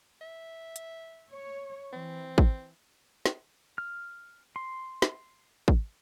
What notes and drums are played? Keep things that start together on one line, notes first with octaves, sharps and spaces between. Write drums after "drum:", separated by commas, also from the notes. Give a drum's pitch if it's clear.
E5
drum: hi-hat
C#5
E3 C4
drum: kick
drum: snare
F6
C6
drum: snare
drum: kick